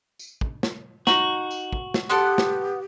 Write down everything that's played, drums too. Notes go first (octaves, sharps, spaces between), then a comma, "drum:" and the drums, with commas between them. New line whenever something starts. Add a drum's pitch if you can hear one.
drum: tambourine
drum: kick
drum: snare
D#4 F#4 A#5, drum: snare
drum: tambourine
drum: kick
drum: snare
B3 G4 A4 D5 F#5 C6 F#6
drum: snare